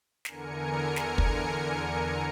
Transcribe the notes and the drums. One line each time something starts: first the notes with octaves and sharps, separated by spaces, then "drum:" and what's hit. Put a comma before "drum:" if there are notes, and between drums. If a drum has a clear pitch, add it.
E2 D3 A#4 G#5 C#7, drum: snare
drum: snare
drum: kick